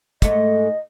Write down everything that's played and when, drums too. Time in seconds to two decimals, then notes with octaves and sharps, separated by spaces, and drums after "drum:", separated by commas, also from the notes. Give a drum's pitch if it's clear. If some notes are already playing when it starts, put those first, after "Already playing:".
0.22 G#2 A3 D#5, drum: kick, hi-hat